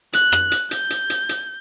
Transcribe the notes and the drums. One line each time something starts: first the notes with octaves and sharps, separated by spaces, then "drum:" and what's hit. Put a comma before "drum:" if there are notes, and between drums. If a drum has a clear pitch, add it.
F#6, drum: hi-hat
drum: rim click
drum: hi-hat
G6, drum: hi-hat
drum: hi-hat
drum: hi-hat
drum: hi-hat